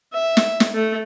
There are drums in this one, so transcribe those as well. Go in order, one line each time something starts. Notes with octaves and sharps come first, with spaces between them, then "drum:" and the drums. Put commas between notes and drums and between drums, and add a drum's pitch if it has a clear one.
E5
drum: snare
drum: snare
A3